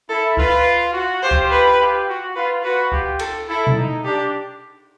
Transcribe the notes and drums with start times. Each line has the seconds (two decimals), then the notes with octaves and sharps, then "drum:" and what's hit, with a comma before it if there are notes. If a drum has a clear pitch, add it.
0.09 E4 A4
0.37 F4 B4, drum: kick C#2
0.94 F#4
1.22 F4 G4 C5
1.31 drum: kick C#2
1.50 B4
1.79 F4 G4
2.07 F#4
2.35 F4 B4
2.63 F#4 B4
2.92 F4 G4, drum: kick C#2
3.19 A4, drum: cymbal
3.48 E4 A4
3.67 drum: tom B2
3.76 D#4
4.04 D4 G4